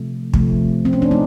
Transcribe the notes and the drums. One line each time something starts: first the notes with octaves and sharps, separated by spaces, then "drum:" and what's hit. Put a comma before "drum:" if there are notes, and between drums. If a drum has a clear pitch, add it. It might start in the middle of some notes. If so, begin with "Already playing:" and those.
Already playing: C3 F3 A3
C3 F3 A3, drum: kick
C4
C#4
D4
A3 D#4